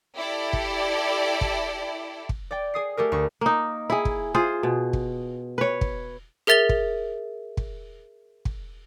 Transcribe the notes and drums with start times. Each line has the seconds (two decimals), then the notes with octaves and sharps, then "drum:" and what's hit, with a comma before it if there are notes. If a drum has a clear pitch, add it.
0.17 E4 G4 A4 D5
0.53 drum: kick
1.41 drum: kick
2.29 drum: kick
2.51 D5 G5
2.74 G#4 D#6 C7
2.97 A3 G4 G#4 A#4
3.12 D2 C#6
3.41 A#3 D#4
3.90 E4 G#4
4.05 drum: kick
4.34 F4 G#4 C5
4.63 B2
4.93 drum: kick
5.58 B4 C#5
5.81 drum: kick
6.47 G#4 A#4 E5 A6 F7 G7
6.69 drum: kick
7.57 drum: kick
8.45 drum: kick